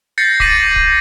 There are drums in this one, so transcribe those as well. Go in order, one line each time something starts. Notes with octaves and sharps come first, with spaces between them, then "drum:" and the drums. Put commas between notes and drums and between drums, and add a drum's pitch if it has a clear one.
G6 A6 A#6 C7 C#7
D6 A#6 B6 D#7 F#7, drum: kick
drum: kick